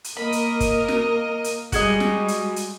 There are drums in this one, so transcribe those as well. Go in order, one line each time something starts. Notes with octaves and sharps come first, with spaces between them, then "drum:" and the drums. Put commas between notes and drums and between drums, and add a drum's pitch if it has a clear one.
drum: hi-hat
A#3 A#4 D#5 B5
drum: hi-hat
drum: kick, hi-hat
drum: snare
drum: hi-hat
G3 G#3 F#4 G#4 D#5, drum: kick, hi-hat
drum: snare
drum: hi-hat
drum: hi-hat